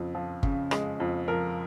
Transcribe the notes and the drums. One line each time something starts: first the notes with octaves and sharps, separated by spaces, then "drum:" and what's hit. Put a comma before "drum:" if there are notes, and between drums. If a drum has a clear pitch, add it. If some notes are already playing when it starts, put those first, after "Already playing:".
Already playing: F2 C#3
F3
C#3, drum: kick G1
G#3, drum: rim click
F2
F3 A#4